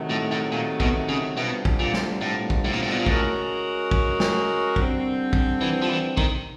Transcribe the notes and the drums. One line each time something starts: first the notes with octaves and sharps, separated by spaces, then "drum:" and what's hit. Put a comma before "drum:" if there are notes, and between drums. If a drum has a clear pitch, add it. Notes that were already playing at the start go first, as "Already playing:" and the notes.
Already playing: C3 D#3 F#3 A3
A2
A2
A#2
B2, drum: kick
C#3
B2 D3 G3 C4 F4 A#4
drum: kick
A#2
drum: snare
A2
drum: kick
A2
A#2
A2
B2
A#2
A2 G#3 C#4 F#4 A#4, drum: kick
drum: kick
drum: snare
D3 G3 C4, drum: kick
drum: kick
E3
F3
E3
D#3, drum: kick